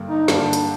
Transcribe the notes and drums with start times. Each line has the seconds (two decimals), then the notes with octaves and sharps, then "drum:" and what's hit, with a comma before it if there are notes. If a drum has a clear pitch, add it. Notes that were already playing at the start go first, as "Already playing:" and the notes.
Already playing: G2 D3 G3 A#3
0.09 D#4
0.28 G2 D3 G3 A#3 D4, drum: snare
0.53 drum: hi-hat